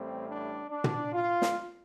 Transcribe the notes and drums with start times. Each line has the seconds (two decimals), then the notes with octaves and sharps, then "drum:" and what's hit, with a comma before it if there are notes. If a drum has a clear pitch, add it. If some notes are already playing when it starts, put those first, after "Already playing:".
Already playing: A1 A2 G3 C4
0.26 D4
0.69 D4
0.84 drum: tom
1.13 F4
1.42 drum: snare